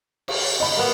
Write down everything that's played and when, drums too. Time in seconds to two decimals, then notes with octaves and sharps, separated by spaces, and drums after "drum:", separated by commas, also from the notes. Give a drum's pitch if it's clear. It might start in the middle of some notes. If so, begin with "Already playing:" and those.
0.28 drum: cymbal
0.60 D#5 B5
0.77 A#3 B3